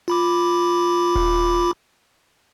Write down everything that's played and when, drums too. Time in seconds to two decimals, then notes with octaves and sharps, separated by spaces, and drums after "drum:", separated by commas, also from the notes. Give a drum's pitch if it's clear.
0.08 F4 B5 D6
1.15 drum: kick D#1